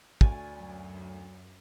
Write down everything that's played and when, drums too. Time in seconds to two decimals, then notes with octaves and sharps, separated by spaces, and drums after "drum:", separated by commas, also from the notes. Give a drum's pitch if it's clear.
0.21 D2 C#5 D5 G#5, drum: kick
0.58 F#2